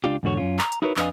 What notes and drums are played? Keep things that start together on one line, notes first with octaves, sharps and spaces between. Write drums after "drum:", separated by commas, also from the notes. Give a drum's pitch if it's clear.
C#2 D4 F4 G4
E2 G#2 D3 F#4 C#5
F#2 C#4 F4
A#5, drum: clap
drum: hi-hat
D#4 E4 F#4 A#4 B4 C#5
F2 D4 B4 D#5 F5 G#5, drum: clap